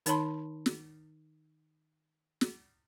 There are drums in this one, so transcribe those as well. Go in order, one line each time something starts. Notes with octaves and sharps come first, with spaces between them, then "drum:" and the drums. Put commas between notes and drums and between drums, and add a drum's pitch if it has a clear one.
D#3 D#4 C#5 A5 B5 C6, drum: hi-hat
drum: snare
drum: snare